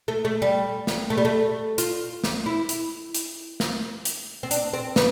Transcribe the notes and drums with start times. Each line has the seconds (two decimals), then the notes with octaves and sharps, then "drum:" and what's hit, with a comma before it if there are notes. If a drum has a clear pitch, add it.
0.08 A3
0.25 A3
0.42 G3
0.87 drum: snare
1.10 A3
1.18 G3
1.25 A3
1.78 F4, drum: hi-hat
2.24 drum: snare
2.46 E4
2.69 drum: hi-hat
3.14 drum: hi-hat
3.60 drum: snare
4.05 drum: hi-hat
4.43 C4
4.51 D4, drum: hi-hat
4.73 C4
4.96 B4, drum: snare